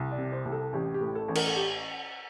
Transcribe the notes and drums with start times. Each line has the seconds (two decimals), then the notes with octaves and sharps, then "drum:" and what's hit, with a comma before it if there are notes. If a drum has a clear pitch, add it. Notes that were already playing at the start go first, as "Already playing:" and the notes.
Already playing: C2
0.11 D5
0.18 C3
0.32 C5
0.45 C2 G4
0.52 A4
0.73 A1 G4
0.94 G4
1.01 A2
1.15 A4
1.28 A1
1.35 A#4, drum: cymbal
1.46 A4
1.56 G4